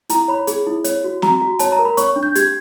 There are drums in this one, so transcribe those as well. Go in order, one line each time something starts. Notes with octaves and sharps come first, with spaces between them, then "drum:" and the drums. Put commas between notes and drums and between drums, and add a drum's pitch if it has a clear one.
E4 A#5, drum: hi-hat
C#5 B5
G#4, drum: hi-hat
E4
C#5, drum: hi-hat
F#4
F#4 A#5, drum: snare
F#4
C#5 A5, drum: hi-hat
A#5
A#4
B5
C#5 C#6, drum: hi-hat
D4
G6
G4 G#6, drum: hi-hat